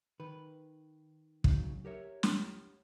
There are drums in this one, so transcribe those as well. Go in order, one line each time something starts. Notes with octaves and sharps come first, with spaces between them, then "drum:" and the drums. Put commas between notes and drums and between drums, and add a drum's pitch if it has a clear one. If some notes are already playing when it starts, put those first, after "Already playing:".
D#3 B4
C#3 F#3 D#4, drum: kick
G4 A#4 C#5 E5
drum: snare